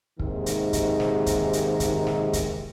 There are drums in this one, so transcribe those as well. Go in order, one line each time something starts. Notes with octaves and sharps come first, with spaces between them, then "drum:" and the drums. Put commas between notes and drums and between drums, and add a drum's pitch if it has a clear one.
D#2 G#2 C3 D#3, drum: kick
drum: hi-hat
drum: kick, hi-hat
drum: snare
drum: kick, hi-hat
drum: hi-hat
drum: kick, hi-hat
drum: snare
drum: kick, hi-hat